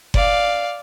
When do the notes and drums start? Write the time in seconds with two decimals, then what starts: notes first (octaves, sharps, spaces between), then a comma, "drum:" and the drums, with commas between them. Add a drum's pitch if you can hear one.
0.14 D5 F5, drum: kick F#1